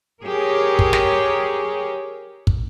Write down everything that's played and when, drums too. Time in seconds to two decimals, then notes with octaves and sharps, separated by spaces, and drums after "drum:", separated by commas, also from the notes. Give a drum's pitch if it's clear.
0.23 G4 G#4 A#4 C#5
0.79 drum: kick
0.93 drum: snare
2.47 drum: kick